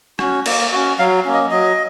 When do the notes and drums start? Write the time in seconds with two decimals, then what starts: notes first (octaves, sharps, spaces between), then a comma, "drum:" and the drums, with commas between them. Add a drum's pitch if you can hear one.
0.19 C#4 F#4, drum: rim click
0.46 A#3, drum: cymbal
0.72 C#4 F#4
0.99 F#3 F5
1.25 A#3 C#4
1.33 D#5
1.51 F#3 D#5